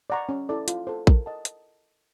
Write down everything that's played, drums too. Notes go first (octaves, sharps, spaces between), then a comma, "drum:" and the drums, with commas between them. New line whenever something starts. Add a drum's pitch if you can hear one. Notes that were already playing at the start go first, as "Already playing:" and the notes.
D5 F#5 A#5 C#6
C#4
E4 A4 D5
F4, drum: hi-hat
A4 C5
A#4, drum: kick A#1
D#5 F#5 A5
drum: hi-hat